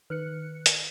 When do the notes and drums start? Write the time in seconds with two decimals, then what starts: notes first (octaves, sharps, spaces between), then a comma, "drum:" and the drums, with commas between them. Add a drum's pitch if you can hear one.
0.10 D#3 B4 F#6 C#7
0.66 drum: hi-hat